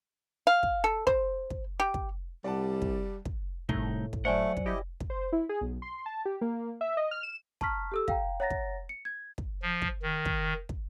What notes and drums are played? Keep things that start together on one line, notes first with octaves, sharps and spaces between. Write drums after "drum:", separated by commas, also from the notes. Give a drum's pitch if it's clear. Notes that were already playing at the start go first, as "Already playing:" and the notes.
F5
drum: kick
A4
C5, drum: kick
drum: kick
G4
drum: kick
C2 G3 D5 F#5 A5
drum: kick
drum: kick
C2 A2 A3 D#4, drum: kick
drum: kick
F#3 A3 C5 D5 F#5 G#5
drum: kick
E4 G4 D#5
drum: kick
C5
E4
G#4
B1
C6
A5
G4
A#3
E5
D#5
F6
E7
A5 A#5 C#6 F6 B6, drum: kick
G4 A4 E6
F5 G5 A#5, drum: kick
C#5 E5 F#5 A#5 A6 A#6
drum: kick
C#7
G#6
drum: kick
F3
drum: kick
D#3
drum: kick
drum: kick